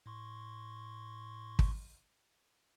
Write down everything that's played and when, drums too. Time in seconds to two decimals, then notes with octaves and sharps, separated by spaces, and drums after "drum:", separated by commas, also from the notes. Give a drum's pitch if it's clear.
0.06 A2 C6 C#6
1.59 drum: kick